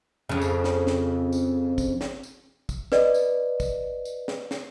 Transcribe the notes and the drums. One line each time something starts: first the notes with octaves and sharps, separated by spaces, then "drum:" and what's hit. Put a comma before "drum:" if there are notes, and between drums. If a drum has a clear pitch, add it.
F2 C#3
drum: tambourine
drum: snare
drum: snare
drum: tambourine
drum: kick, tambourine
drum: snare
drum: tambourine
drum: kick, tambourine
B4 D5 D#5, drum: snare
drum: tambourine
drum: kick, tambourine
drum: tambourine
drum: snare
drum: snare